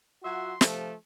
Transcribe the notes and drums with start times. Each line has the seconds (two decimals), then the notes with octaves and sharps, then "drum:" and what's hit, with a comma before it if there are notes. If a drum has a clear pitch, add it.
0.23 F#3 F4 F#4 E5 F#5 C6
0.61 C3 F3 A3, drum: snare